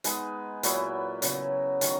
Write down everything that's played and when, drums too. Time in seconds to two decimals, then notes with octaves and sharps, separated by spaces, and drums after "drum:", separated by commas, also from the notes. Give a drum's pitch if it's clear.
0.04 G#3 B3 D#4 G#4, drum: hi-hat
0.63 A#2 F#3 B3 E4, drum: hi-hat
1.22 C#3 F#3 B3, drum: hi-hat
1.81 D#3 F#3 C#4, drum: hi-hat